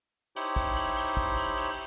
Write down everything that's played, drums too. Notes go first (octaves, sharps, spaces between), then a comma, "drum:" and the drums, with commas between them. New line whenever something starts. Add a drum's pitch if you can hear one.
D#4 E4 G4 C5 C#5, drum: cymbal
drum: kick, cymbal
drum: cymbal
drum: cymbal
drum: kick
drum: cymbal
drum: cymbal